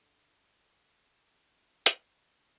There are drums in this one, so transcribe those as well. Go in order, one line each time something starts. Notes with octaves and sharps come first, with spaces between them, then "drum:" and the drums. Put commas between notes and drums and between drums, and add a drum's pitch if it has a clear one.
G1 D4 A4
drum: hi-hat